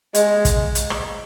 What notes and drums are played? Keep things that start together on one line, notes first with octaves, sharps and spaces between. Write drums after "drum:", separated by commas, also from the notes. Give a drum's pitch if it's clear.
G#3, drum: hi-hat
drum: kick, hi-hat
drum: hi-hat
drum: rim click